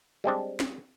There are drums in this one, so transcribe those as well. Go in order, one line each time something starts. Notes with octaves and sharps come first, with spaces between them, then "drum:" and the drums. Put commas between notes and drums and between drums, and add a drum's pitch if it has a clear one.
G3 G#3 C4 D4
drum: snare